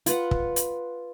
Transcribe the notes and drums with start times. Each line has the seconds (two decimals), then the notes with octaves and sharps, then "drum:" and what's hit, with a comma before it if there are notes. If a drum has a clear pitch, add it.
0.06 F4 B4 F#5, drum: hi-hat
0.31 drum: kick
0.56 drum: hi-hat